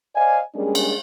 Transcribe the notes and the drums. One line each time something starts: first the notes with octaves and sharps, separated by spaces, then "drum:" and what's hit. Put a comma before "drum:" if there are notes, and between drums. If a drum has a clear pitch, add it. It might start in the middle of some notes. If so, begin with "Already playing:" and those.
C5 D5 D#5 F5 G#5
G3 G#3 A#3 C#4 D4 G#4
drum: cymbal